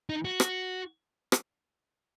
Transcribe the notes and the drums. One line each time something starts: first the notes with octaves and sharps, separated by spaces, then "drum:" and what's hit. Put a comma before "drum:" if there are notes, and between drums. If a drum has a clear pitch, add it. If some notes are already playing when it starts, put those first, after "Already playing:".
D#4
F#4
drum: rim click
drum: rim click